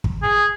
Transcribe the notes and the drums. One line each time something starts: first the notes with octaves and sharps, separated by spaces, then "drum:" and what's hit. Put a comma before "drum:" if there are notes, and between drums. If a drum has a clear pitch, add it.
drum: kick
G#4